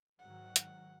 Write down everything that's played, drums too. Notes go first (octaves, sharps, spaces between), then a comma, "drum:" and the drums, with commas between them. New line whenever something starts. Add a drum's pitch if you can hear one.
G#2 D#3 F#3 F#5
drum: hi-hat